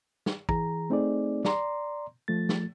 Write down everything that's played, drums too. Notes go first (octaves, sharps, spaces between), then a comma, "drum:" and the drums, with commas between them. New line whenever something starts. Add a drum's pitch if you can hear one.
drum: snare
E3 G#4 A#5, drum: kick
A3 C4 D#4 G#4 D5
D5 A#5 C6, drum: snare
F3 A3 A6
drum: snare